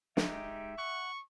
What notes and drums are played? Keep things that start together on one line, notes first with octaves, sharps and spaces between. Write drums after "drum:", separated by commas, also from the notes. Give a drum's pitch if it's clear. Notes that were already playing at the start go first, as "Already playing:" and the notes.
G#3 D#4 G4 E5, drum: snare
F#5 C#6